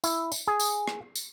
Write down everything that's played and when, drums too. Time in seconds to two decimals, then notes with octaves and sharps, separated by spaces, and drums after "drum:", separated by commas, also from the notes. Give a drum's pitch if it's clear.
0.04 E4, drum: tambourine
0.32 drum: tambourine
0.47 G#4
0.60 drum: tambourine
0.88 drum: rim click
1.15 drum: tambourine